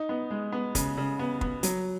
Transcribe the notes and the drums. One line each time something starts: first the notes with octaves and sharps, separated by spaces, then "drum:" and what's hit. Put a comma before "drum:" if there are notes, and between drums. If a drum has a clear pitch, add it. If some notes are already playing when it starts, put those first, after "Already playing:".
Already playing: D#4
B3
G#3
B3
C#3, drum: kick, hi-hat
C#3
B3
B3, drum: kick
F#3, drum: hi-hat